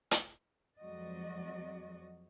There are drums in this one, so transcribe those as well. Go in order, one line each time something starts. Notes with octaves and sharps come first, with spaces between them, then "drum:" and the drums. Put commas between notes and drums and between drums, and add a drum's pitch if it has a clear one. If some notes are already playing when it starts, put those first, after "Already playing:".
drum: hi-hat
F2 F#3 G#3 F#4 D5 D#5